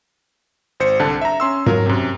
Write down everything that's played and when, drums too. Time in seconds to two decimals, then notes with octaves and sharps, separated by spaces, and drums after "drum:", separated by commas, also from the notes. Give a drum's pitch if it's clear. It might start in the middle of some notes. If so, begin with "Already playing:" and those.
0.80 G#1 C5 C#7
0.99 C2 D3 A5
1.22 E5 A#5
1.40 C#4 C6 E6
1.66 F#3 A#4, drum: tom
1.86 F#2 C3